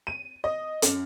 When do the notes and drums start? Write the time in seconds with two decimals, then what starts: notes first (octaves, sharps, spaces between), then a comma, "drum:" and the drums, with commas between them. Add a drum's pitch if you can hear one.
0.07 D#7
0.44 D#5
0.82 F#2, drum: hi-hat